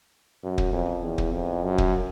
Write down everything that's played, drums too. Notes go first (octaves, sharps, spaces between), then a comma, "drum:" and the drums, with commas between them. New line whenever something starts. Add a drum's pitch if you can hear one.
F#2
drum: kick
F2
E2
drum: kick
F2
F#2
drum: kick